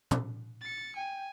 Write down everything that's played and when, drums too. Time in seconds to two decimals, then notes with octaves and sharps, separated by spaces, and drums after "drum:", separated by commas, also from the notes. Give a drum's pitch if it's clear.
0.11 drum: tom
0.61 A6 C#7
0.96 G5 G#5